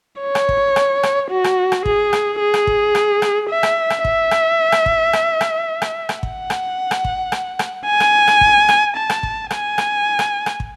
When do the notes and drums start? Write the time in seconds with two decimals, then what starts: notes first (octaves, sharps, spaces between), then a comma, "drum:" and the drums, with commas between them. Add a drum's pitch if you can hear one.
0.21 C#5
0.35 drum: rim click
0.49 drum: kick
0.76 drum: rim click
1.03 drum: rim click
1.31 F#4
1.44 drum: rim click
1.72 drum: rim click
1.86 G#4, drum: kick
2.13 drum: rim click
2.40 G#4
2.54 drum: rim click
2.67 drum: kick
2.95 drum: rim click
3.22 drum: rim click
3.50 E5
3.63 drum: rim click
3.90 drum: rim click
4.05 E5, drum: kick
4.31 drum: rim click
4.72 drum: rim click
4.86 drum: kick
5.13 drum: rim click
5.41 drum: rim click
5.82 drum: rim click
6.09 drum: rim click
6.23 F#5, drum: kick
6.50 drum: rim click
6.91 drum: rim click
7.05 drum: kick
7.32 drum: rim click
7.59 drum: rim click
7.86 G#5
8.00 drum: rim click
8.28 drum: rim click
8.41 drum: kick
8.69 drum: rim click
8.96 A5
9.10 drum: rim click
9.23 drum: kick
9.51 G#5, drum: rim click
9.78 drum: rim click
10.19 drum: rim click
10.46 drum: rim click
10.60 drum: kick